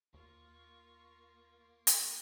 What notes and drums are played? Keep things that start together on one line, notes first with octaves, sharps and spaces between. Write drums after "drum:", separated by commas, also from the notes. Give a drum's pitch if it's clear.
D#2 A#3 F4 C#6
drum: hi-hat